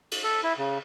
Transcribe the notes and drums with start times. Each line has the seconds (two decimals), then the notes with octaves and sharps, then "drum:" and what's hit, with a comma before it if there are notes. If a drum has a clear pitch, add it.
0.11 drum: cymbal
0.24 A4
0.44 E4
0.58 C#3